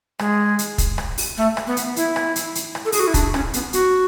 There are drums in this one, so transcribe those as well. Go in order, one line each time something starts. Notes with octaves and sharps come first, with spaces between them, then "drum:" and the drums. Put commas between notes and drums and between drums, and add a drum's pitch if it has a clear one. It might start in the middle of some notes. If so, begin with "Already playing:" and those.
G#3, drum: rim click
drum: hi-hat
drum: kick, hi-hat
drum: rim click
drum: open hi-hat
A3
drum: rim click
B3
drum: hi-hat
E4, drum: hi-hat
drum: rim click
drum: hi-hat
drum: hi-hat
drum: rim click
A4
G#4, drum: open hi-hat
F#4
E4
D4, drum: kick, hi-hat
C#4, drum: rim click
B3, drum: hi-hat
F#4, drum: hi-hat